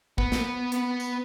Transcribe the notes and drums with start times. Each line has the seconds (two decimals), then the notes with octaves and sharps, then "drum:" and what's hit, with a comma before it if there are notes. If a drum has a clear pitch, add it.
0.18 B3 B4, drum: kick
0.32 drum: snare
0.72 drum: hi-hat
1.00 drum: tambourine